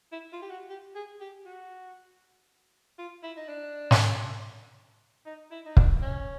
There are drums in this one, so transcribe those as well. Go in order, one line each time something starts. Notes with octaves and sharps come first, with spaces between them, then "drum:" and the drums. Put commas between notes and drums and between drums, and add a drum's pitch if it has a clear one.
E4
F4
G4
F#4
G4
G#4
G4
F#4
F4
E4
D#4
D4
drum: snare
D#4
E4
D#4
D4, drum: kick
C#4